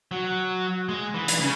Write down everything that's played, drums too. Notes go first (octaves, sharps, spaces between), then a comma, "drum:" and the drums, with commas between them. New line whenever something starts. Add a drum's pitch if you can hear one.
F#3
G#3
E3
drum: hi-hat
C#3